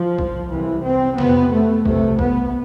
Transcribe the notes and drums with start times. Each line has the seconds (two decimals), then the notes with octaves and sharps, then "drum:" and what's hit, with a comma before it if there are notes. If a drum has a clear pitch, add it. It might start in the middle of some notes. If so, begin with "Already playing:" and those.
Already playing: F3
0.18 drum: kick B1
0.52 C2 C3 E3
0.85 C4
1.18 F2 C3 B3, drum: snare
1.52 A3
1.85 F2 C3 A3, drum: kick B1
2.19 B3, drum: kick B1